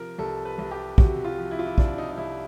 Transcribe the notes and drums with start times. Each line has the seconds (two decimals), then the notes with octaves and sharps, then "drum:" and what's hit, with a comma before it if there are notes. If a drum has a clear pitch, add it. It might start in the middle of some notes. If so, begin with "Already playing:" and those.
Already playing: C3 F3 A#4
0.18 C2 A4
0.45 B4
0.58 C2
0.71 G4
0.98 C3 F#4, drum: kick
1.25 F4
1.38 F3
1.51 E4
1.59 F4
1.66 E4
1.78 C2 D4, drum: kick
1.98 D#4
2.11 D#4
2.18 C2 E4